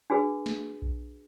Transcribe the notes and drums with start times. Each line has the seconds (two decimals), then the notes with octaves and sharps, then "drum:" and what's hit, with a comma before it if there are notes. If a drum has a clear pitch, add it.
0.10 D4 F#4 G#4 B4
0.46 drum: snare
0.82 drum: kick B1